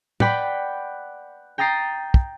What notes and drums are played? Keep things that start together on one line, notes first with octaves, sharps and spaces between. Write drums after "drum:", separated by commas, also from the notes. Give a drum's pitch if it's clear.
B4 D5 F#5 G5 B5, drum: tom
G5 A#5 D#6 A6 C7
drum: kick